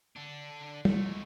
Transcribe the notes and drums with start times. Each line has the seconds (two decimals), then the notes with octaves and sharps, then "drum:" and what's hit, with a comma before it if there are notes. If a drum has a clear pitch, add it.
0.16 D3 D4
0.85 G#2 A3, drum: tom